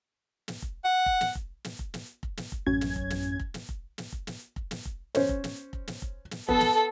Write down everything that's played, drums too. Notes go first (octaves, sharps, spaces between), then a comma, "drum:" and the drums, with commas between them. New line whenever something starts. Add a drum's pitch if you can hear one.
drum: snare
drum: kick F1
F#5
drum: kick F1
drum: snare
drum: kick F1
drum: snare
drum: kick F1
drum: snare
drum: kick F1
drum: snare
drum: kick F1
A1 F#2 C#4 G#6
drum: snare
drum: kick F1
drum: snare
drum: kick F1
drum: snare
drum: kick F1
drum: snare
drum: kick F1
drum: snare
drum: kick F1
drum: snare
drum: kick F1
C#4 C5 C#5, drum: snare
drum: kick F1
drum: snare
drum: kick F1
drum: snare
drum: kick F1
drum: snare
B3 A4, drum: kick F1
drum: snare